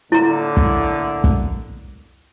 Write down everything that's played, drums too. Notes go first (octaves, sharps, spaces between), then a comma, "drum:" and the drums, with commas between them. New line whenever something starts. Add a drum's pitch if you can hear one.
A2 D3 A#3 E4 A#5
drum: kick
drum: kick